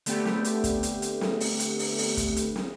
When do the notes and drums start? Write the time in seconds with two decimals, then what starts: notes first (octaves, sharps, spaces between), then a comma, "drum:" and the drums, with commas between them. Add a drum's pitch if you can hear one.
0.06 D3 A3 B3 C4 G4, drum: hi-hat
0.25 drum: snare
0.44 drum: hi-hat
0.64 drum: kick, hi-hat
0.83 drum: hi-hat
1.02 drum: hi-hat
1.21 drum: snare
1.40 drum: open hi-hat
1.60 drum: hi-hat
1.79 drum: open hi-hat
1.98 drum: open hi-hat
2.17 drum: kick, hi-hat
2.36 drum: hi-hat
2.56 drum: snare